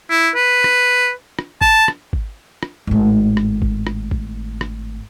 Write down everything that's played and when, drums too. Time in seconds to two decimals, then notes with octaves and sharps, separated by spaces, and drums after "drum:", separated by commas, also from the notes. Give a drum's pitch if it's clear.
0.10 E4
0.35 B4
0.64 drum: rim click
1.39 drum: rim click
1.61 A5, drum: kick G#1
1.88 drum: rim click
2.13 drum: kick G#1
2.63 drum: rim click
2.87 G#1 A2
3.37 drum: rim click
3.62 drum: kick G#1
3.87 drum: rim click
4.11 drum: kick G#1
4.61 drum: rim click